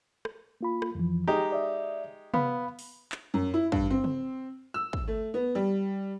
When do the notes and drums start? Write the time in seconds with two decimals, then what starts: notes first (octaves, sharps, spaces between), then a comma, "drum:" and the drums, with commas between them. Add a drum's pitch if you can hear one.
0.25 drum: rim click
0.61 A#3 F4 B5
0.82 drum: rim click
0.95 F2 E3 F3
1.28 G#3 D#4 G4 A#5
1.52 D5 E5
2.34 B3 F5 B5, drum: tom C3
2.79 drum: open hi-hat
3.12 drum: clap
3.34 F#2
3.54 E4
3.72 G2, drum: kick
3.90 C4
4.04 drum: tom
4.74 E6
4.93 drum: kick
5.08 A3
5.34 B3
5.55 G3